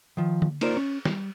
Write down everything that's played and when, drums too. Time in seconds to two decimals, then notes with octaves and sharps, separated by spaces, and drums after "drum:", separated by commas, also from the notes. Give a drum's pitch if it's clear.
0.17 D#3 F3
0.42 drum: tom D3
0.61 A#3 D#4 F4 A#4 C5 D5, drum: cymbal
0.77 C#4
1.05 G3, drum: snare